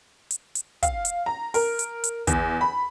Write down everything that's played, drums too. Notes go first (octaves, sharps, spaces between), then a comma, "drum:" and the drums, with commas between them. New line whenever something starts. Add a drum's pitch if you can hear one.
drum: hi-hat
drum: hi-hat
F5, drum: kick, hi-hat
drum: hi-hat
A#5
A#4, drum: open hi-hat
drum: hi-hat
drum: hi-hat
E2, drum: kick, hi-hat
B5